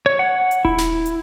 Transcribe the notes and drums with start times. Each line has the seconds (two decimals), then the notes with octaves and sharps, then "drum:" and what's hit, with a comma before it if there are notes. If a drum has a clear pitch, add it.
0.06 C#5
0.19 F#5
0.51 drum: hi-hat
0.65 E4, drum: kick D#1
0.78 drum: snare
1.06 drum: hi-hat